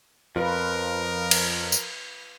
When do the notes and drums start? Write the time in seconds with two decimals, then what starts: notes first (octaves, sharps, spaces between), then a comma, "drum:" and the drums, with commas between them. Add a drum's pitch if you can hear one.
0.36 F2 F3 F4 A#4 B4
1.31 drum: cymbal
1.72 drum: tambourine